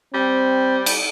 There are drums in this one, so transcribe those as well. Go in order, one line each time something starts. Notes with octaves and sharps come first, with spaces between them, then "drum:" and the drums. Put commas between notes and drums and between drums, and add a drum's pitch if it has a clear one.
G3 C4
drum: cymbal